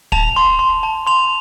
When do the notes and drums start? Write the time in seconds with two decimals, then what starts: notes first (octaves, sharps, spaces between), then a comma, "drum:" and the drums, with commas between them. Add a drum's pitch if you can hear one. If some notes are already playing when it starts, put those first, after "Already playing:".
0.12 A5 F7, drum: kick
0.36 C6
0.59 C6
0.83 A5
1.07 C6 F7